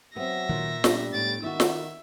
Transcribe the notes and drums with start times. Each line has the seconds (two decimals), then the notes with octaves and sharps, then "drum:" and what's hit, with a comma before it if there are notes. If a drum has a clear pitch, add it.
0.16 F#3 B3 C4 E5 A#6
0.49 A#2 D#3
0.84 G3 B3 D4, drum: snare
1.13 A2 A6 D7
1.43 D#3 E4 F#4 E5
1.60 drum: snare